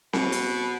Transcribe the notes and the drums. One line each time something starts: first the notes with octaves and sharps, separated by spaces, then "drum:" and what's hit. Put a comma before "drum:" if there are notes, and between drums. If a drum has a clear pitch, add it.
B2, drum: snare C4
drum: hi-hat